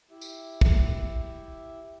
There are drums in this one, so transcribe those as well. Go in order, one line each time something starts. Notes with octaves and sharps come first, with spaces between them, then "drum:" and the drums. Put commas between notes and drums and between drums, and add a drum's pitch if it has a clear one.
E4 G4 E5
drum: tambourine
drum: kick